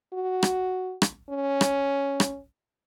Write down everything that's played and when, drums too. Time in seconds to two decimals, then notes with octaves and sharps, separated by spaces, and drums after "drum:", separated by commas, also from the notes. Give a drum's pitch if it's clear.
0.13 F#4
0.43 drum: rim click
1.02 drum: rim click
1.30 C#4
1.61 drum: rim click
2.20 drum: rim click